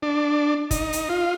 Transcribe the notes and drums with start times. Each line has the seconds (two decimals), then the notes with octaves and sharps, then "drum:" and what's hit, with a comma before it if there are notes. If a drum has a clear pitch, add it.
0.02 D4
0.71 D#4, drum: kick, hi-hat
0.93 drum: hi-hat
1.09 F4